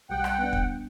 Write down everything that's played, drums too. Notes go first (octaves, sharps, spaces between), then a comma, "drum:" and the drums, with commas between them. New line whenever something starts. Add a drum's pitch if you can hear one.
B1 G3 F#5 G5
drum: rim click
B3 D4
drum: kick